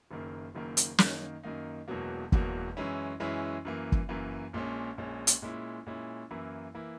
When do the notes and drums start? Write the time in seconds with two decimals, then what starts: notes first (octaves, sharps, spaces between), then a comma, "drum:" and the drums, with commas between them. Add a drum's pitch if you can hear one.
0.11 F#1 F#2 D#3 A#3
0.55 F#1 F#2 D#3 A#3
0.77 drum: hi-hat
0.98 F#2 D#3 A#3 D#4, drum: snare
1.43 F#2 D#3 A#3 D#4
1.88 E1 E2 B2 F#3 A#3
2.32 E1 E2 B2 F#3 A#3, drum: kick
2.77 F#2 E3 G#3 C#4 E4
3.20 F#2 E3 G#3 C#4 E4
3.65 F#2 E3 A#3
3.92 drum: kick
4.09 F#2 E3 A#3
4.53 A#1 A#2 G#3 C#4
4.98 A#1 A#2 G#3 C#4
5.27 drum: hi-hat
5.42 A#2 G#3 C#4 E4
5.86 A#2 G#3 C#4 E4
6.31 F#2 E3 A#3 E4
6.75 E3 A#3 E4